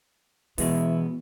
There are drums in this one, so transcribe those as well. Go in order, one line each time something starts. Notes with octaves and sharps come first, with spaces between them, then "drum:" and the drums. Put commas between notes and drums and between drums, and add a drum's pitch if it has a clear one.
B2 E3 G#3 B3 E4, drum: open hi-hat